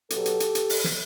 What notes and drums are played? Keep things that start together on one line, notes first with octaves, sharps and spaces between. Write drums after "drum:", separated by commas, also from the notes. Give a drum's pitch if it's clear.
B2 F#3 B3 G4 A4, drum: hi-hat
drum: hi-hat
drum: hi-hat
drum: hi-hat
drum: open hi-hat
drum: snare